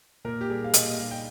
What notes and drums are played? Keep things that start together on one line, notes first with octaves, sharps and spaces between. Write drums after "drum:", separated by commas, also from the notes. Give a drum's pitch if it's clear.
A#2 A#4
G4
G3 G#4
F5
A#2 D#5, drum: hi-hat
D#5
G3 F5
G5